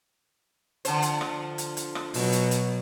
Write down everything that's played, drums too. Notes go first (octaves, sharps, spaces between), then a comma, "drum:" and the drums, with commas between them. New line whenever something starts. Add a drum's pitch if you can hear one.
D3 F3 C5, drum: hi-hat
drum: hi-hat
drum: rim click
drum: hi-hat
drum: hi-hat
drum: rim click
B2 F#3, drum: open hi-hat
drum: hi-hat
drum: hi-hat